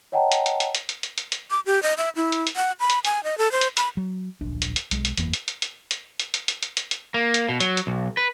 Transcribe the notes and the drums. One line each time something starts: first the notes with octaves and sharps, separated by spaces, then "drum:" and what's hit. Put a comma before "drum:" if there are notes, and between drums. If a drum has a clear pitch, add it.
C#5 D#5 F#5 G5 A5 A#5
drum: hi-hat
drum: hi-hat
drum: hi-hat
drum: hi-hat
drum: hi-hat
drum: hi-hat
drum: hi-hat
drum: hi-hat
D6
G4
D#5
E5
E4
drum: hi-hat
drum: hi-hat
F#5
B5
drum: hi-hat
G#5, drum: hi-hat
D#5
A4
C5
drum: hi-hat
B5, drum: hi-hat
F#3
D1 A#1 D4
drum: hi-hat
drum: hi-hat
B1 G#3, drum: hi-hat
drum: hi-hat
F#1 E2 E3 A#3, drum: hi-hat
drum: hi-hat
drum: hi-hat
drum: hi-hat
drum: hi-hat
drum: hi-hat
drum: hi-hat
drum: hi-hat
drum: hi-hat
drum: hi-hat
drum: hi-hat
A#3
drum: hi-hat
B2
F#3, drum: hi-hat
drum: hi-hat
B1
B4